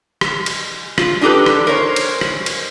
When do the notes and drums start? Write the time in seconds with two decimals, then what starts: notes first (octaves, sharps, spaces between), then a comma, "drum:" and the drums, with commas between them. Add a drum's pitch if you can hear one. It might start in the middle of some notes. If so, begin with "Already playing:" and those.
0.21 drum: rim click
0.46 drum: cymbal
0.98 F4, drum: rim click
1.21 D4 D#4 G4 A4 B4
1.46 drum: rim click
1.67 A#4 C5 C#5
1.96 drum: cymbal
2.21 drum: rim click
2.46 drum: cymbal